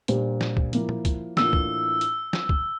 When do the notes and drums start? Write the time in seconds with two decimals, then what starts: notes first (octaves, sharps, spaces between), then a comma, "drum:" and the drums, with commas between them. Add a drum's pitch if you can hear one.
0.08 A#2 G3 D4 G4 C5, drum: hi-hat
0.41 drum: snare
0.57 drum: kick
0.73 F3 A#3 E4, drum: hi-hat
0.89 drum: tom
1.05 drum: kick, hi-hat
1.37 A2 E3 A#3 D4 F4 E6, drum: snare
1.53 drum: kick
2.01 drum: hi-hat
2.33 drum: snare
2.49 drum: kick